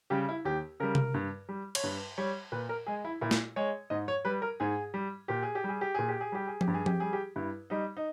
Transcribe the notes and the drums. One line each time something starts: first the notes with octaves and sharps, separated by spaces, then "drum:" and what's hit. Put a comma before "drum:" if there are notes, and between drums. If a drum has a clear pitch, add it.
C#3 G3 G4
E4
D#2 G4
C#3 G3 A#4
drum: tom C3
G2
G3
C#5, drum: cymbal
G2 B4
G3 C#5
A#2 B4
A#4
G#3 G#4
E4
A#2 E4
drum: snare
G#3 C#5
G#2 D#5
C#5
G3 B4
A#4
G#2 G#4
G3
A#2 G4
G#4
G4
G3 G#4
G4
A#2 G#4
G4
G#4
G3 G4
G#4
G4, drum: tom F3
G2
G#4
G4, drum: tom F3
G3 G#4
G4
G2 E4
G3 D#4
D#4